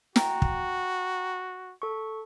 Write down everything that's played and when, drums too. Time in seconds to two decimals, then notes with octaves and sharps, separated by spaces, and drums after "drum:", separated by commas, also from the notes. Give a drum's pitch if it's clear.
0.16 F#4 G5 A#5, drum: snare
0.42 drum: kick
1.82 A4 C#6